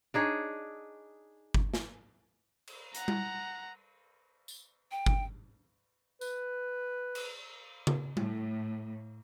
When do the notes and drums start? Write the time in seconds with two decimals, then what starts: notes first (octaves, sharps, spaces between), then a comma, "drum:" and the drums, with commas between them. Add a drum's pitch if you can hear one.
0.14 D4 D#4 G#4 C#5
1.54 drum: kick G1
1.74 drum: snare
2.67 drum: cymbal
2.95 F#5 A#5, drum: hi-hat
3.08 drum: tom G3
4.48 drum: tambourine
4.91 G5
5.06 drum: kick G1
6.21 B4, drum: tambourine
7.15 drum: cymbal
7.87 drum: tom C#3
8.17 A2, drum: tom G3